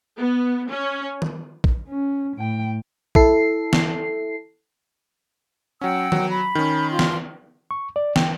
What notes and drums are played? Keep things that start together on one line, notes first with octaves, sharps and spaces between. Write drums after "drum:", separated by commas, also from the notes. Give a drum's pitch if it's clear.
B3
C#4
drum: tom D#3
drum: kick
C#4
A2 G5
E4 A4 C7, drum: kick
drum: snare
F#3 C#4 F#5 G5 E6
F#3, drum: tom D#3
B5
D#3 C#4
F4 C6
drum: snare
C#6
D5
G5, drum: snare